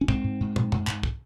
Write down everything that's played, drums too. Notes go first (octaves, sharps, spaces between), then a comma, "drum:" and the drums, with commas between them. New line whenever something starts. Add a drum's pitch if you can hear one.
C#4
G#2 C4, drum: kick
G#2
G#2
G#2, drum: tom
G#2, drum: tom F#2
G#2, drum: clap
drum: kick